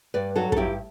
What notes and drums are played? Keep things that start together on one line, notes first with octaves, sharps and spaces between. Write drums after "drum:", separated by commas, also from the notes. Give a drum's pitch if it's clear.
G2 B4 D5
F#3 F#4 A4
A4, drum: kick
G2 E4 G4